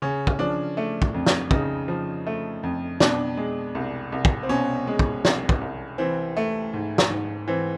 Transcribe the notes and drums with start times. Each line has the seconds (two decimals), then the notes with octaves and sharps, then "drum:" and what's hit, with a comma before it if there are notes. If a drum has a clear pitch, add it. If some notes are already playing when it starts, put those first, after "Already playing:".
0.02 C#3 C#4
0.27 drum: kick
0.39 F3 D4
0.77 A3
1.02 drum: kick
1.14 F2
1.26 drum: snare
1.51 C#3 D#4, drum: kick
1.88 F3
2.26 A3
2.63 F2
3.00 B2 D4, drum: snare
3.37 G#3
3.75 C2
4.12 C2
4.25 drum: kick
4.43 C4
4.49 B2 C#4
4.87 G#3
4.99 drum: kick
5.25 C2, drum: snare
5.49 drum: kick
5.61 C2
5.98 E3 C4
6.37 A3
6.74 G#2
6.98 drum: snare
7.10 G#2
7.48 E3 C4